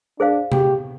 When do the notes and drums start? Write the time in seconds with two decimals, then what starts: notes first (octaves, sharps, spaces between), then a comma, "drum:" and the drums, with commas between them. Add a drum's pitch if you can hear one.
0.19 D4 G#4 C5 F5
0.52 G4, drum: tom C3